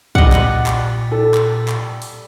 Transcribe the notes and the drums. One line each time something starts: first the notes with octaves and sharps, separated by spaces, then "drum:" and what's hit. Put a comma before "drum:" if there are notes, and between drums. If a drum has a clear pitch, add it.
A#2 G3 D#5 F#5, drum: kick
drum: clap
drum: clap
A4
drum: clap
drum: clap
drum: open hi-hat